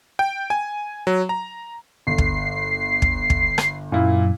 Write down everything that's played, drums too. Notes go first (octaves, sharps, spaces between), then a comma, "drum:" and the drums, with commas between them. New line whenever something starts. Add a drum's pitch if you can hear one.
G5
G#5
F#3
A#5
G1 C7
drum: kick
drum: kick
drum: kick
drum: rim click
F#2 A#2 A#3 E4